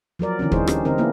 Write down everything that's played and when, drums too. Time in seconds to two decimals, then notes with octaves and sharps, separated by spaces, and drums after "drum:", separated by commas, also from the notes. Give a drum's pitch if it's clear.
0.19 F3 F#3 A#4 D5
0.39 D3 E3 C4 C#4
0.52 G#3 D4 D#4 G#4 C5 C#5, drum: kick
0.67 C#4 D#4 G4, drum: rim click
0.85 D3 C4 D#4 A#4
0.98 A#3 B3 D4 E4